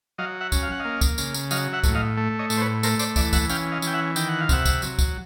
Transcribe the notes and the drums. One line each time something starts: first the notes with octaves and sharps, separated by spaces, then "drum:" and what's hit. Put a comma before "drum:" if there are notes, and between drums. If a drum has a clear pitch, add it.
F#3 D#5 F5
E5 F#5
C#4, drum: kick, tambourine
F5
F#5
A#3 D#5 F5
drum: kick, tambourine
C#3, drum: tambourine
drum: tambourine
F#3 D#5 F5, drum: tambourine
E5 F#5
A2, drum: kick, tambourine
D#5 F5
A3
C#5 D#5
A2, drum: tambourine
C5
B4 C#5
A3 A#4 C5, drum: tambourine
C5 D5, drum: tambourine
E3 D5 E5, drum: kick, tambourine
E5 F#5, drum: kick, tambourine
C#4 F5 G5, drum: tambourine
D#5 F5
E3 G5, drum: tambourine
E5 F#5
D#3 G5, drum: tambourine
F#5
F5
C3 E5 F#5, drum: kick, tambourine
drum: kick, tambourine
F#3, drum: tambourine
drum: kick, tambourine